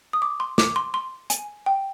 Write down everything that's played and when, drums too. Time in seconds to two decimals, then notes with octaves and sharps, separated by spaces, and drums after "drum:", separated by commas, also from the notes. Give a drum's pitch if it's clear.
0.13 D#6
0.22 D6
0.40 C6
0.58 D6, drum: snare
0.76 C6
0.94 C6
1.30 G#5, drum: hi-hat
1.66 G5